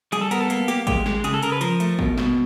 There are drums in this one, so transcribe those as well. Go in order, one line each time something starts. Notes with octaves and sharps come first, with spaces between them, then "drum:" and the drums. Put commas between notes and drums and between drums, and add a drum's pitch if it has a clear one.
G3 G#4, drum: hi-hat
A4
B3 A#4, drum: hi-hat
A4
A#3, drum: hi-hat
A#3 G4, drum: hi-hat
G#3 G4, drum: kick, hi-hat
G#3, drum: snare
C#3 G#4, drum: hi-hat
A4
C#3 A#4, drum: hi-hat
B4
F3 A#4, drum: hi-hat
A3, drum: hi-hat
B2, drum: kick
B2, drum: snare